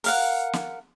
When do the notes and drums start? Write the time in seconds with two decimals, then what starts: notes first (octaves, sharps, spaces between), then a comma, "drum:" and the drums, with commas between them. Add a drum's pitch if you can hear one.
0.04 A#4 F5 F#5, drum: open hi-hat
0.53 drum: snare